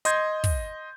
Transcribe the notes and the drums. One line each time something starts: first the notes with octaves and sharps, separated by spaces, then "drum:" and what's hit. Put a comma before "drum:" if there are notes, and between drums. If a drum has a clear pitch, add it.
D#5 C6 G6 G#6, drum: hi-hat
drum: kick, open hi-hat